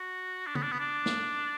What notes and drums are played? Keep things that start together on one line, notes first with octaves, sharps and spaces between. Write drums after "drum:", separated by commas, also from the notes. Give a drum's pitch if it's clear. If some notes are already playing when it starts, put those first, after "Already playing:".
Already playing: F#4
D4
B3, drum: tom C#3
D4
B3
D4
drum: snare